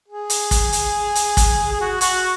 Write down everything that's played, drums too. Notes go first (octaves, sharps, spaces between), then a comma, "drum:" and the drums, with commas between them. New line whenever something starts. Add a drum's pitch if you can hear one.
G#4
drum: hi-hat
drum: kick, hi-hat
drum: hi-hat
drum: hi-hat
drum: kick, hi-hat
G#4
F#4
F#4, drum: hi-hat